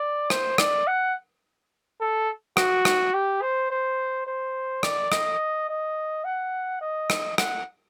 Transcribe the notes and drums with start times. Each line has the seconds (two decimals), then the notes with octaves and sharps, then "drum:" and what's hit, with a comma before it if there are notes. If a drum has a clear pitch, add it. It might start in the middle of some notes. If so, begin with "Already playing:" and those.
Already playing: D5
0.30 C5, drum: rim click
0.58 D5, drum: rim click
0.87 F#5
2.01 A4
2.57 F#4, drum: rim click
2.85 drum: rim click
3.14 G4
3.42 C5
3.71 C5
4.27 C5
4.83 D5, drum: rim click
5.12 D#5, drum: rim click
5.69 D#5
6.25 F#5
6.81 D#5
7.10 drum: rim click
7.38 F#5, drum: rim click